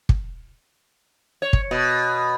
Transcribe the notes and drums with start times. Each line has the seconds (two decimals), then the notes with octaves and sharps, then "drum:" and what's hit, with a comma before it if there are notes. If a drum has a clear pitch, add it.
0.09 drum: kick
1.42 C#5
1.53 drum: kick
1.71 B2